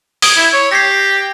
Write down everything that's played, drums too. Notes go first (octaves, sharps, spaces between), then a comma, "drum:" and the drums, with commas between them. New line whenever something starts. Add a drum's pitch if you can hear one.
D#6 G#6 D7, drum: open hi-hat
E4
C#5
G4 A#6 C7